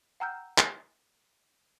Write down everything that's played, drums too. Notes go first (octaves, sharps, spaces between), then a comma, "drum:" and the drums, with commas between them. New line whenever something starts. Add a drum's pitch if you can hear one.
F#5 G5 A#5 E6 F6 G6
drum: clap